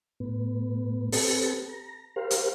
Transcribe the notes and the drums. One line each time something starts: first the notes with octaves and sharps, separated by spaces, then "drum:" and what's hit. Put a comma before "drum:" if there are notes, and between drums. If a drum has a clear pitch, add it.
A2 B3
C4 G4 A4 B4 A5, drum: open hi-hat
A#5
G4 A#4 C5 F5
drum: hi-hat